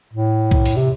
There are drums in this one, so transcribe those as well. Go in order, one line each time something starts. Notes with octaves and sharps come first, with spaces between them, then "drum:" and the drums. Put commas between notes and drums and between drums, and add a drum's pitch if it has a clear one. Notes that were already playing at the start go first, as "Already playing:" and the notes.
A2
drum: kick B1
drum: open hi-hat
C3